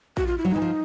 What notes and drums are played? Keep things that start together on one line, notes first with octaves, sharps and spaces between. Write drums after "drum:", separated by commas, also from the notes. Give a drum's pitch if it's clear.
F#4, drum: kick A#1
F4
E4
F#3
D#4
E3
F3